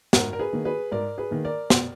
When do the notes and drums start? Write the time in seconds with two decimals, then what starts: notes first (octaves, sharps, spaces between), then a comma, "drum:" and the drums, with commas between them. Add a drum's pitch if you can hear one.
0.13 G#2 F#4 A#4, drum: snare
0.33 A#4
0.39 G#4 B4
0.53 D#3 A#3
0.65 G#4 B4
0.92 G#2 A#4 D5
1.18 G#4 B4
1.31 D#3 A#3
1.45 A#4 D5
1.70 B2, drum: snare